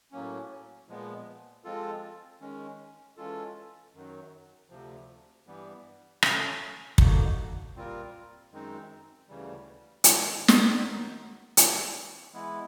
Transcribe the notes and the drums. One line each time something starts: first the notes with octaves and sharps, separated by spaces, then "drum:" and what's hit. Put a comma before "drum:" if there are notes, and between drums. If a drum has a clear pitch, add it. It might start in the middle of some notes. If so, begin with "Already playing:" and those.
A2 F#3 A#3 C#4
A#2 F3 G#3 B3
F3 G#3 C4 F4 A4
D#3 G#3 C#4
E3 G#3 C#4 F4 A4
F#2 D#3 F#3
D2 C3 F3
G2 E3 G3 B3
F3 A3 C#4, drum: rim click
D3 F3 A#3 D#4 F#4, drum: kick
A#2 G3 C4 F4 A#4
F#2 D#3 G#3 C4 D#4
D2 C#3 E3 G3
G#2 D#3 G#3 C4, drum: hi-hat
drum: snare
F#2 D#3 F#3 B3 D#4
E3 G3 C4, drum: hi-hat
E3 G#3 B3 E4